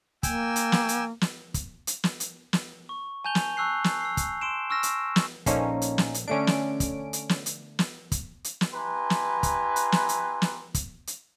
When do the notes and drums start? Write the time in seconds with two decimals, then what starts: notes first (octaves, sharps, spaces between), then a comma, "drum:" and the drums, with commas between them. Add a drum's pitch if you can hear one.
0.23 A#3 G5 G#5 E6, drum: kick, hi-hat
0.56 drum: hi-hat
0.72 drum: snare
0.89 drum: hi-hat
1.21 drum: snare
1.54 drum: kick, hi-hat
1.87 drum: hi-hat
2.04 drum: snare
2.20 drum: hi-hat
2.53 drum: snare
2.89 C#6
3.25 G#5 A5 G6 F7 G7
3.35 drum: snare
3.57 A5 C#6 E6 F#6 C7
3.84 drum: snare
4.01 E6 C7
4.17 drum: kick, hi-hat
4.41 C6 D7 E7
4.70 C#6 E6 F6 A#6 E7
4.83 drum: hi-hat
5.16 drum: snare
5.46 A#1 A#3 C#4 D#4 A4 C5, drum: kick, hi-hat
5.82 drum: hi-hat
5.98 drum: snare
6.14 drum: hi-hat
6.28 D3 A3 C#4 D4 D7
6.47 drum: snare
6.80 drum: kick, hi-hat
7.13 drum: hi-hat
7.29 drum: snare
7.46 drum: hi-hat
7.79 drum: snare
8.12 drum: kick, hi-hat
8.44 drum: hi-hat
8.61 drum: snare
8.73 E4 G4 B4 G#5 A#5 C6
9.10 drum: snare
9.43 drum: kick, hi-hat
9.76 drum: hi-hat
9.92 drum: snare
10.09 drum: hi-hat
10.42 drum: snare
10.74 drum: kick, hi-hat
11.07 drum: hi-hat